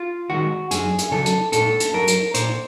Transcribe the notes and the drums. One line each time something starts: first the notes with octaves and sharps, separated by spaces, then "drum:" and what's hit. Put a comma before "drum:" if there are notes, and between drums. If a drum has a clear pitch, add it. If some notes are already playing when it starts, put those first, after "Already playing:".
Already playing: F4
D#3 G#3 F#4
F#2 G#4, drum: hi-hat
drum: hi-hat
C#3 F#3 A4
drum: hi-hat
A#2 A4, drum: hi-hat
drum: hi-hat
F#3 A#4
drum: hi-hat
A#2 C5, drum: hi-hat